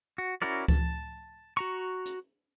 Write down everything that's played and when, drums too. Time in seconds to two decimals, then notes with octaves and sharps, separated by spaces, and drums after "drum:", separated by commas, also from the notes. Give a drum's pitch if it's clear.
0.18 F#4
0.42 C#4 E4 F#4 A#4 D5
0.68 A5, drum: kick C#2
1.57 F#4 A#5 C#6
2.05 drum: hi-hat